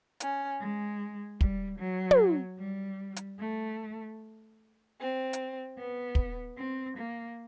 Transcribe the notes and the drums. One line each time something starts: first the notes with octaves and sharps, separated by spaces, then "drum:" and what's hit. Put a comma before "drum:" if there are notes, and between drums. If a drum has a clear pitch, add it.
C#4, drum: hi-hat
G#3
G3, drum: kick
F#3
drum: tom
G3
drum: hi-hat
A3
C4
drum: hi-hat
B3
drum: kick
C4
A#3